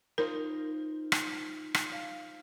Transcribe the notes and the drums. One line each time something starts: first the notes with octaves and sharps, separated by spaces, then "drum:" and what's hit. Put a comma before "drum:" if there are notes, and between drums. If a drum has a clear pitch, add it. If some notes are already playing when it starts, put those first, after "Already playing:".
D#4 F4 A#4 C5
drum: rim click
drum: rim click
F5